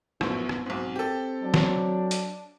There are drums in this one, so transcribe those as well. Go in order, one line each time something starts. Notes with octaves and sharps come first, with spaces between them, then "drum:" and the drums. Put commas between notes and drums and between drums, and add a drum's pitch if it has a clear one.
A#1 F#2 A2 B3, drum: rim click
drum: rim click
B1 G#2 C4
G4 A4
F#3 D4
drum: snare
drum: hi-hat